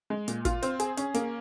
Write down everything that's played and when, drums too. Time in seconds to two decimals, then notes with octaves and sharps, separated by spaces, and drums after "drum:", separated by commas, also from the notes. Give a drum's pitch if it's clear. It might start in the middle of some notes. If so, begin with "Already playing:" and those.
0.10 G#3
0.28 A#2, drum: hi-hat
0.45 F4, drum: kick, hi-hat
0.62 C4, drum: hi-hat
0.80 G#4, drum: hi-hat
0.97 C#4, drum: hi-hat
1.14 A#3, drum: hi-hat